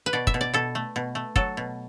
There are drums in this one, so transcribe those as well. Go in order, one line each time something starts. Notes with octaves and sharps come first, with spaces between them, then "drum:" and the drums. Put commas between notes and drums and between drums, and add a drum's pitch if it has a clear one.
B4
B2 D5
E5, drum: kick
B2
D5
B2 A4
A3
B2
A3
F#3 A4, drum: kick
B2